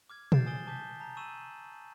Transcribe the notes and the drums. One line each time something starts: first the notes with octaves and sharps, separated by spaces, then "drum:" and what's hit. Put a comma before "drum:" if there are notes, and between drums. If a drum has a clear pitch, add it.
D6 F6 G#6
F6 G6 A6 C7 D7 E7, drum: tom
G#5 D#6 F6 A6 D7 G7
A5 D6 G6 B6
A5 A#5
C#6 E6 D#7 E7 F#7